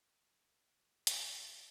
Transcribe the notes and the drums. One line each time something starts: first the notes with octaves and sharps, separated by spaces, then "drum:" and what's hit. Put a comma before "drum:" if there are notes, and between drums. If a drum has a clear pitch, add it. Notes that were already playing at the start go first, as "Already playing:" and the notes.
D4
D#4 A#4
G3 A3 A#3 D4 E4 F4
C#3 B3
G#3 A#3 B3, drum: hi-hat
A#4